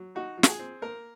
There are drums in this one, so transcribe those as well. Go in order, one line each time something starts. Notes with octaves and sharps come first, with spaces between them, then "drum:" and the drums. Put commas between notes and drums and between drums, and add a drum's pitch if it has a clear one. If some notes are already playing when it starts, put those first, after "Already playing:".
Already playing: F#3
D#4 F#4
F3
F#4, drum: snare
G#4
C4
A#3 A#4